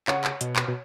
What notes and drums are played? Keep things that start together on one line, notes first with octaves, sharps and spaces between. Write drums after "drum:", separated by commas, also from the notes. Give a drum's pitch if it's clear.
C#3 C#5 F#5, drum: clap
drum: clap
B2, drum: hi-hat
drum: clap
B2